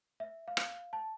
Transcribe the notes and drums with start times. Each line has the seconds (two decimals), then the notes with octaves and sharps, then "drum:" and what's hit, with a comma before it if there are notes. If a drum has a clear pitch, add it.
0.20 E5
0.48 F5
0.57 drum: rim click
0.93 A5